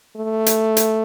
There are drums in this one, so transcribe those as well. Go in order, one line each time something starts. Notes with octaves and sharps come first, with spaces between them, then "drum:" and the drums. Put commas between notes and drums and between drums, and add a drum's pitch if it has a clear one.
A3
drum: hi-hat
drum: hi-hat